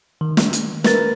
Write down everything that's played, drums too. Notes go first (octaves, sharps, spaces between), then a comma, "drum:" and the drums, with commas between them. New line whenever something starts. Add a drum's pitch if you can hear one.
D#3
drum: snare
drum: hi-hat
A#4 B4 A6, drum: snare